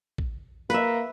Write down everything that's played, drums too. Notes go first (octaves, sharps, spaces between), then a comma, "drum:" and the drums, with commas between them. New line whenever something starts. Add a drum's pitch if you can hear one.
drum: kick
A#3 B4 E5, drum: tambourine